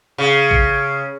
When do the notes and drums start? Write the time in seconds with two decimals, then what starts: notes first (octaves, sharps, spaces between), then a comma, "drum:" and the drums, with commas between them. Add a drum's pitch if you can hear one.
0.18 C#3
0.51 drum: kick